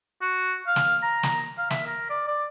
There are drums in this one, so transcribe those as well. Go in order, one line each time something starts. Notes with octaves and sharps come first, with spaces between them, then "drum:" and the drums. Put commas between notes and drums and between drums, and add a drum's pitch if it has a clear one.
F#4
F5
drum: snare
A#5
drum: snare
F5
E5, drum: snare
A#4
D5
D5